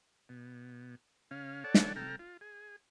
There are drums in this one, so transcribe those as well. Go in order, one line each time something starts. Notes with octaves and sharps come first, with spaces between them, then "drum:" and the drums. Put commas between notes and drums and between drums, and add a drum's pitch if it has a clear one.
B2
C#3 C#4 F5
A4 C#5 D5 F#5 A5
drum: snare
C3 A4 G5 A#5 F6
F4
G#4